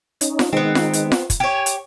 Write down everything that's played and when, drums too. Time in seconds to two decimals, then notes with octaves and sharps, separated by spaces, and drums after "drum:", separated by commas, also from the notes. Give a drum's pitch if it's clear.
0.21 C#4 D#4, drum: hi-hat
0.39 drum: snare F4
0.53 D#3 G#3 B3 C4 D#4
0.75 drum: snare F4
0.93 drum: hi-hat
1.12 drum: snare F4
1.30 drum: kick, hi-hat
1.40 G4 C#5 G#5
1.66 drum: hi-hat